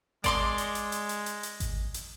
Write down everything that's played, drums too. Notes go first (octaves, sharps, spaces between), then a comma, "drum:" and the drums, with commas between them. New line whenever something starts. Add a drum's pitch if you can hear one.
G#3 D5 C6 D6, drum: kick G#1, hi-hat
drum: hi-hat
drum: hi-hat
drum: hi-hat
drum: hi-hat
drum: hi-hat
drum: hi-hat
drum: kick G#1, hi-hat
drum: hi-hat